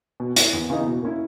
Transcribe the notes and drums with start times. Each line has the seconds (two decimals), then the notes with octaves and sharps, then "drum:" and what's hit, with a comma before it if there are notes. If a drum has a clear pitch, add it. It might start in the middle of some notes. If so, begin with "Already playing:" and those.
0.20 B2
0.36 A#3 E4, drum: hi-hat
0.53 E2
0.70 C#3 E3 B3 D#4
0.87 B2
1.02 A#3 C#4 E4